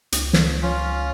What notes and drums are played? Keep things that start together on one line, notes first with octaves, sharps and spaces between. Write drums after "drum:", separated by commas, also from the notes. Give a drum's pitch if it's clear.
C#2, drum: hi-hat
drum: snare
C#4 F4